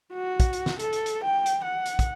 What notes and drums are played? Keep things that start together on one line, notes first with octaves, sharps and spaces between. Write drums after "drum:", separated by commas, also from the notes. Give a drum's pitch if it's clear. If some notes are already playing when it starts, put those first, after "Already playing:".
F#4
drum: kick, hi-hat
drum: hi-hat
drum: snare
A4, drum: hi-hat
drum: hi-hat
drum: hi-hat
G5
drum: hi-hat
F#5
drum: hi-hat
drum: kick, hi-hat